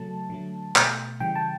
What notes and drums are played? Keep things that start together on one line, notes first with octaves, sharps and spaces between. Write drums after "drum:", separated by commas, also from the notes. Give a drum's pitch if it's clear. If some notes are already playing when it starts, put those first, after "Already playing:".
Already playing: C#3 F#3 A3 A5
D3 F#3 A3
B2 A3, drum: clap
C#3 E3 G3 G5
A5